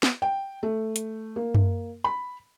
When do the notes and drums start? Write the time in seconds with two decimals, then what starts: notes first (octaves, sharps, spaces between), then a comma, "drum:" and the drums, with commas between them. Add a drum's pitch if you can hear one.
0.03 drum: snare
0.22 G5
0.63 A3
0.96 drum: hi-hat
1.36 A#3
1.55 drum: tom F#2
2.04 B5